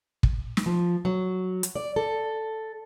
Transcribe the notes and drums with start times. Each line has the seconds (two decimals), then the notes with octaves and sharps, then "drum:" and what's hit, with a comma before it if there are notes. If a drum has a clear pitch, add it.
0.23 drum: kick
0.57 drum: snare
0.66 F3
1.05 F#3
1.63 drum: hi-hat
1.75 D5
1.96 A4